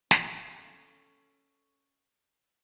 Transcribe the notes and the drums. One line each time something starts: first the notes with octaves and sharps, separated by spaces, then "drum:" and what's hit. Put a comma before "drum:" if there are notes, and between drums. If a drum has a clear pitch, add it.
C#4 A4, drum: snare